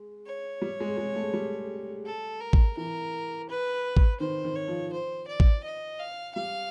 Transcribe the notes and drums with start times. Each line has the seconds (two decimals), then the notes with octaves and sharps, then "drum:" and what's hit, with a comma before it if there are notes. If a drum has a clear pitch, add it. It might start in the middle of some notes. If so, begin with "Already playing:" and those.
Already playing: G#3
0.26 C#5
0.62 G3
0.80 G#3
0.97 G#3
1.15 A3
1.34 G3
2.06 A4
2.41 A#4
2.53 drum: kick
2.77 E3 A#4
3.49 B4
3.97 drum: kick
4.20 D#3 C5
4.44 D#3
4.56 C#5
4.68 F3
4.93 C5
5.27 D5
5.40 drum: kick
5.64 D#5
5.99 F5
6.35 G3 F5